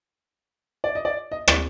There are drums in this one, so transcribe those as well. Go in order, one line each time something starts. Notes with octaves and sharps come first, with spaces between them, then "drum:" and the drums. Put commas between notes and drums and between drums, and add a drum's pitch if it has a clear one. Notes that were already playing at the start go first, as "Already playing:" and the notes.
D5
D#5
D5
D#5
D5, drum: rim click